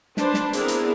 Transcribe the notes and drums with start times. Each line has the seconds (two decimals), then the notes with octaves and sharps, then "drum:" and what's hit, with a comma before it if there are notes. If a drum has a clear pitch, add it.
0.17 D4 B4 C5 A5, drum: snare
0.34 drum: snare
0.53 B3 C4 D4 E4 G#4 A#4, drum: hi-hat
0.68 drum: hi-hat